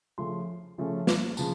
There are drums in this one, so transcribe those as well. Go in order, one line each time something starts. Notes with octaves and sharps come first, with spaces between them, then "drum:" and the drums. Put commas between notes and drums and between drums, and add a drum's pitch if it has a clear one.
C#3 F3 A3 C#4 C6
C#3 F3 A3 C#4
drum: snare
C#3 F3 A5, drum: tambourine